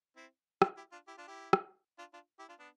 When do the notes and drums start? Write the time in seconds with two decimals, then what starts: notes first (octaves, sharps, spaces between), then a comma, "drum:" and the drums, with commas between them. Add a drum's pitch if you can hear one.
0.16 C4 E4
0.62 D4 F4, drum: rim click
0.77 E4 G4
0.92 D4 F4
1.08 E4 G4
1.17 D4 F4
1.27 E4 G4
1.53 drum: rim click
1.98 D4 F4
2.14 D4 F4
2.39 E4 G4
2.48 D4 F4
2.59 B3 D4